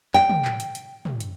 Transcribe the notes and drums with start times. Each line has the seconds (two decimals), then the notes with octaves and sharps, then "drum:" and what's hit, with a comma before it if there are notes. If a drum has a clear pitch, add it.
0.14 G5, drum: clap
0.30 drum: tom
0.45 drum: clap
0.60 drum: hi-hat
0.75 drum: hi-hat
1.05 drum: tom
1.20 drum: hi-hat